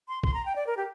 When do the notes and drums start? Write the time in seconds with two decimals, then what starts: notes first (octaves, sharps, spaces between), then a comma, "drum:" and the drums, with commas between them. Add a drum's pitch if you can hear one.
0.08 C6
0.23 C6, drum: kick B1
0.34 A#5
0.46 G5
0.56 D5
0.67 A#4
0.77 G4